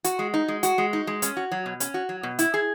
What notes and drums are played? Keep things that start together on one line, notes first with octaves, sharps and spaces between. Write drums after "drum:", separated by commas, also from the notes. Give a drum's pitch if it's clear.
F#4, drum: hi-hat
G#3
D#4
G#3
F#4, drum: hi-hat
G#3
D#4
G#3
C#4, drum: hi-hat
F#4
F#3
B2
C#4, drum: hi-hat
F#4
F#3
B2
E4, drum: hi-hat
G#4